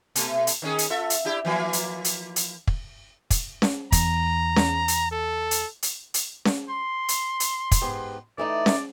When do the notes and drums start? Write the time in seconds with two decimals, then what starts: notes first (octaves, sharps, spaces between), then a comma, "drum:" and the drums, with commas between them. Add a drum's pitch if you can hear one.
0.15 B2 A3, drum: hi-hat
0.47 drum: hi-hat
0.62 D#3 C#4 G#4
0.78 drum: hi-hat
0.90 F4 A4 E5
1.10 drum: hi-hat
1.25 D4 E4 G4
1.45 E3 F3 A#3
1.73 drum: hi-hat
2.04 drum: hi-hat
2.36 drum: hi-hat
2.67 drum: kick
3.30 drum: kick, hi-hat
3.62 drum: snare C#4
3.92 E2 A#5, drum: kick, hi-hat
4.56 drum: snare C#4
4.88 drum: hi-hat
5.11 A4
5.51 drum: hi-hat
5.82 drum: hi-hat
6.14 drum: hi-hat
6.45 drum: snare C#4
6.69 C6
7.08 drum: hi-hat
7.40 drum: hi-hat
7.71 drum: kick, hi-hat
7.82 G#2 B3 G4
8.38 E3 A3 D#4 D5
8.66 drum: snare C#4